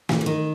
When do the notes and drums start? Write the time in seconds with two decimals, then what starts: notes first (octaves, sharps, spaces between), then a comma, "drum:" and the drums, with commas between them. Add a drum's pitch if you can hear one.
0.09 E3, drum: snare
0.21 E3
0.26 D#3